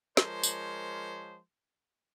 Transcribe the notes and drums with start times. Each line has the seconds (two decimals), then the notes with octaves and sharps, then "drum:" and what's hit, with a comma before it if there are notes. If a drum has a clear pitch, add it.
0.17 F3 G#3 A#4 C5 C#5, drum: snare
0.43 drum: tambourine